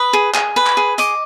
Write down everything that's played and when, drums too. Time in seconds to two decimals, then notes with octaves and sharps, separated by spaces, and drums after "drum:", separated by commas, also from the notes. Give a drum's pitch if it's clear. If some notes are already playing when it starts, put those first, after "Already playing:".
Already playing: B4 D#6
0.13 G#4
0.34 G#4, drum: clap
0.56 B4
0.66 drum: clap
0.77 G#4
0.98 D#5 D6, drum: hi-hat